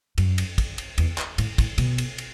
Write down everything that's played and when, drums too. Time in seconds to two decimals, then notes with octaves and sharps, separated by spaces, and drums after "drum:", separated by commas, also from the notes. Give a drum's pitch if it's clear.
0.18 F#2, drum: cymbal
0.38 drum: cymbal
0.58 drum: kick, cymbal
0.78 drum: cymbal
0.98 E2, drum: cymbal
1.18 drum: clap
1.38 A2, drum: cymbal
1.58 A2, drum: kick, cymbal
1.78 B2, drum: cymbal
1.98 drum: cymbal
2.18 drum: cymbal